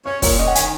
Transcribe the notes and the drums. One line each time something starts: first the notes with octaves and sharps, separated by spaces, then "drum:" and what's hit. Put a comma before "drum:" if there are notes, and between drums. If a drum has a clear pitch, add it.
C#4 C#5
A#2 C#5, drum: kick, open hi-hat
C#4 D#5
F#5
D#3 G#5, drum: hi-hat